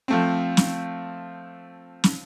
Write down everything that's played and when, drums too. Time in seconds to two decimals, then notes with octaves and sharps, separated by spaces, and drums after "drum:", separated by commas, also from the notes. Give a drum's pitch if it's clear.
0.08 F3 A3 C4
0.57 drum: snare
2.04 drum: snare